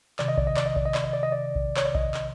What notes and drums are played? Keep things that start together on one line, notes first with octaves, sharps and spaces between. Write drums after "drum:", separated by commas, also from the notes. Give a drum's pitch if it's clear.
C3 D#3 D5, drum: clap
D#5
D5, drum: kick
D#5
D5, drum: clap
D#5
D5, drum: kick
D#5
D5, drum: clap
D#5
D5
D#5
D5
drum: kick
C#5, drum: clap
D5
D#5, drum: kick
drum: clap